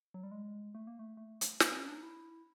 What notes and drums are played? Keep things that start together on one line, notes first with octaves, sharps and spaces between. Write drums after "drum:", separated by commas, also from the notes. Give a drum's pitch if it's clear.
F#3
G3
G#3
A3
A#3
A3
A3
drum: hi-hat
A#3, drum: snare
C4
C#4
D4
D#4
E4